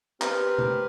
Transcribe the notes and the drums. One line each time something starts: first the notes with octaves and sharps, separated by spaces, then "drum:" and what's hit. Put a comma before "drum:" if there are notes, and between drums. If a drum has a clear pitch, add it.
C4 G4 A#4 B4, drum: clap
drum: tom B2